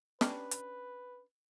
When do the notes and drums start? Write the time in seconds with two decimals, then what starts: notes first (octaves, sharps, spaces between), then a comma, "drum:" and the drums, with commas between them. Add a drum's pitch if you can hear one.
0.21 C#4 D4 G4 B4, drum: snare
0.51 drum: hi-hat